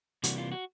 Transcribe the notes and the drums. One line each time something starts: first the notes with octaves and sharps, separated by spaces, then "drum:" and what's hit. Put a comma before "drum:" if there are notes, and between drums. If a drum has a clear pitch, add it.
C3 E3 G3 A#3 F#4, drum: hi-hat
F4
F#4